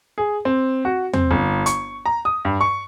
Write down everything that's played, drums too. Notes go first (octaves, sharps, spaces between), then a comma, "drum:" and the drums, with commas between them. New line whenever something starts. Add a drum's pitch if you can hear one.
G#4
C4
F#4
C4, drum: tom E2
G1
C#6, drum: hi-hat
A#5
D#6
G2
C#6